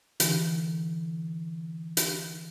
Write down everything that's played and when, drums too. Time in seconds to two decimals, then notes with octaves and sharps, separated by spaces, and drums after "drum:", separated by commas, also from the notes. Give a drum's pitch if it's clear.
0.20 D3 E3, drum: hi-hat
1.97 drum: hi-hat